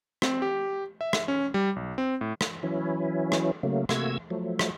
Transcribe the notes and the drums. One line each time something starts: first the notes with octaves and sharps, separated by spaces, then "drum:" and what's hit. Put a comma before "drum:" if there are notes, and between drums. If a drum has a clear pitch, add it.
C4, drum: rim click
G4
E5
drum: rim click
C#4
G3
B1
C4
A2
drum: rim click
E3 F#3 C#4 E4
drum: rim click
C#3 F#3 A3 A#3
C3 A3 A#3 F#4 E6 G#6, drum: rim click
F3 F#3 A3
drum: rim click